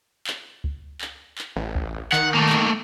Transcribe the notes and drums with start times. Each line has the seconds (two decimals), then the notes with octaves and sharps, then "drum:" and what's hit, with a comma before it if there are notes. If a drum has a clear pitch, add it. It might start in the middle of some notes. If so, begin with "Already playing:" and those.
0.27 drum: clap
0.64 drum: kick C#2
1.01 drum: clap
1.38 drum: clap
1.56 A1
1.75 drum: kick C#2
2.12 D#3 F#5, drum: clap
2.34 A3 A#3
2.49 drum: clap